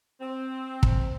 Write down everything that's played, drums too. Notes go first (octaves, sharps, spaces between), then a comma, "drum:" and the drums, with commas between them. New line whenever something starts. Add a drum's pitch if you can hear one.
C4
drum: kick